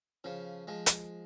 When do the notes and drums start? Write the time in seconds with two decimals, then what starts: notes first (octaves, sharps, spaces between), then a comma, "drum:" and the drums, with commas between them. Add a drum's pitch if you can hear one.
0.24 C#3 F3
0.67 F3 G#3
0.86 drum: hi-hat